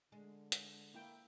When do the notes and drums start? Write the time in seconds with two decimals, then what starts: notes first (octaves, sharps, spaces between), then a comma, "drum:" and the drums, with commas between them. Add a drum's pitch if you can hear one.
0.12 D3 G#3
0.52 drum: hi-hat
0.94 A#3 E4 G5